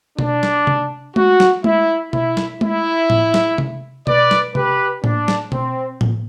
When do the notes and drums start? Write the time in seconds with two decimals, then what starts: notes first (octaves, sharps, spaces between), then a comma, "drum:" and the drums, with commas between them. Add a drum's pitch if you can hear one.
0.19 D4, drum: tom B2
0.43 drum: snare
0.67 drum: tom C3
1.16 F#4, drum: tom G#3
1.40 drum: snare
1.64 E4, drum: tom G#3
2.13 E4, drum: tom B2
2.37 drum: snare
2.61 E4, drum: tom G#3
3.10 drum: tom A2
3.34 drum: snare
3.58 drum: tom C3
4.07 B4 D5, drum: tom B2
4.31 drum: snare
4.55 G4 B4, drum: tom C3
5.04 D4, drum: tom A2
5.28 drum: snare
5.52 C4, drum: tom B2
6.01 drum: tom A2